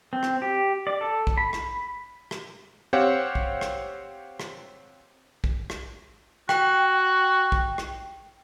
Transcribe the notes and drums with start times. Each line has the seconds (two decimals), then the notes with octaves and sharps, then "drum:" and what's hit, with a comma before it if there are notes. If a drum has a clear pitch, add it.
0.13 C4
0.23 drum: rim click
0.42 G4
0.87 D5
1.01 A4
1.27 drum: kick
1.38 B5
1.53 drum: rim click
2.31 drum: rim click
2.93 C4 G4 C5 C#5 F5 F#5
3.35 drum: kick
3.61 drum: rim click
4.40 drum: rim click
5.44 drum: kick
5.70 drum: rim click
6.49 F#4 G5, drum: rim click
7.52 drum: kick
7.78 drum: rim click